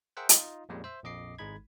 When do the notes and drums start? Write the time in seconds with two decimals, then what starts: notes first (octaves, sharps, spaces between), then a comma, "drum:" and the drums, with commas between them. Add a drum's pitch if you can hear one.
0.17 G#4 A#4 C5 E5 F#5 G5
0.29 D#4 F4 D#5, drum: hi-hat
0.69 F2 A#2 G3 G#3 C#4
0.84 C5 E5
1.03 A#1 F2 D#5 D6 C7
1.39 G#1 G#3 D#4 B5 G#6